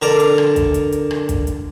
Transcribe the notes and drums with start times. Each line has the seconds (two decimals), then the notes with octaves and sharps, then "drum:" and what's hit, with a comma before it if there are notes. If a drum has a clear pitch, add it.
0.02 D3 A#4 D5
0.20 drum: hi-hat
0.38 drum: rim click
0.56 drum: kick, hi-hat
0.74 drum: hi-hat
0.92 drum: hi-hat
1.11 drum: rim click
1.29 drum: kick, hi-hat
1.47 drum: hi-hat